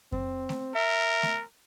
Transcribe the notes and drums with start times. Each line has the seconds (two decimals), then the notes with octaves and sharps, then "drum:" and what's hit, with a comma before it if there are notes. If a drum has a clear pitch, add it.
0.12 C4, drum: kick F2
0.49 drum: snare A3
0.75 A#4 E5
1.23 drum: snare A3